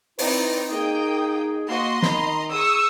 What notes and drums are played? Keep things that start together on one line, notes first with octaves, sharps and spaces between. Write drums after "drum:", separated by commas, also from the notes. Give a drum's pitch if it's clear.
C4 D#4 E4 B4 D5, drum: open hi-hat
A#3 D#4 G#4 G5 D#6
A#3 F#4 D#5 C6
D#3 A#5 B5, drum: snare
G#4 C#6 D#6 E6